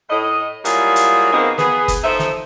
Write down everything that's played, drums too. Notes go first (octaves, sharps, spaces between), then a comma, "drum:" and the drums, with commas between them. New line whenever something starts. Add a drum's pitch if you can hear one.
A2 D#5
F#3 G3 A#3 E4 F4 G#4, drum: hi-hat
drum: hi-hat
B2 D#3 A#3 C4 D#4 G#4
B3 G#4, drum: snare
drum: kick, hi-hat
F3 D#4 A4 E5
drum: snare